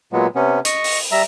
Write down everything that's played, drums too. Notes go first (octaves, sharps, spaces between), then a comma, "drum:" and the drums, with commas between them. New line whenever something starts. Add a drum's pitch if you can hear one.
A#2 F#3 G#3 B3
C3 B3 C#4
D#5 C#6, drum: hi-hat
drum: open hi-hat
G3 E5 A#5